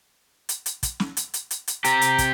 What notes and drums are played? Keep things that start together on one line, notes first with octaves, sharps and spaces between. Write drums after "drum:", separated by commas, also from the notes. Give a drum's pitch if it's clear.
drum: hi-hat
drum: hi-hat
drum: kick, hi-hat
drum: snare
drum: hi-hat
drum: hi-hat
drum: hi-hat
drum: hi-hat
C4 G4 A#5, drum: hi-hat
drum: hi-hat
drum: kick, hi-hat